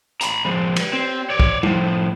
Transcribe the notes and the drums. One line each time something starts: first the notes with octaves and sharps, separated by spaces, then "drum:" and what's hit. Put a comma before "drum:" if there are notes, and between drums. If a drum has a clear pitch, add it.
A#5 B5, drum: hi-hat
F3 G#3
drum: cymbal
C4
C#5 D5
drum: kick
A2 F3, drum: tom